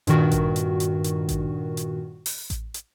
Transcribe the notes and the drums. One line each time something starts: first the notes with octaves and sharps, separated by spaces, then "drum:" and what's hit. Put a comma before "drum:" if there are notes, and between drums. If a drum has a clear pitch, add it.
G2 A#2 D#3 F#4, drum: hi-hat
drum: kick A1, hi-hat
drum: hi-hat
drum: hi-hat
drum: hi-hat
drum: kick A1, hi-hat
drum: hi-hat
drum: open hi-hat
drum: kick A1, hi-hat
drum: hi-hat